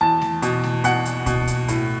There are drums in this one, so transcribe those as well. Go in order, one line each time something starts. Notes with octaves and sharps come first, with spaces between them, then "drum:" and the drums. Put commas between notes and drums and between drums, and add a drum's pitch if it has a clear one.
E2 A5
drum: snare A3
B2, drum: hi-hat
drum: snare A3
B2 F#5, drum: hi-hat
drum: hi-hat
B2, drum: kick C#2, hi-hat
drum: hi-hat
A2, drum: hi-hat